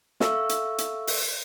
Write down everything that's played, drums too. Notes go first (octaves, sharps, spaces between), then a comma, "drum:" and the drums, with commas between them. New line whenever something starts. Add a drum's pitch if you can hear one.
A4 E5 F5 C#6 E6, drum: snare
drum: hi-hat
drum: hi-hat
drum: open hi-hat